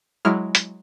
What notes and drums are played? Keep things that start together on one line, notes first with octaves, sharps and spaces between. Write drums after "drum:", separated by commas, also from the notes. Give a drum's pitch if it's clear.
F#3 G#3 E4 F6
drum: hi-hat